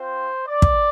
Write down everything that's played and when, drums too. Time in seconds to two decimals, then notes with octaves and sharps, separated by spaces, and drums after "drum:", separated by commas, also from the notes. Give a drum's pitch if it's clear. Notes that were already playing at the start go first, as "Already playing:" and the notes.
Already playing: C4 F4 C5
0.47 D5
0.62 drum: kick